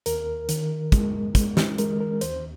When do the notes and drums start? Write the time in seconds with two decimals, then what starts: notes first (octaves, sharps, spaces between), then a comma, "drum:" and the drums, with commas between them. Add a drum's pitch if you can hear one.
0.06 D#2 A#4, drum: hi-hat
0.49 D#3, drum: hi-hat
0.92 G#3, drum: kick, hi-hat
1.35 G#3, drum: kick, hi-hat
1.57 drum: snare
1.78 G#3 A#4, drum: hi-hat
2.01 A#4
2.21 D#2 C5, drum: hi-hat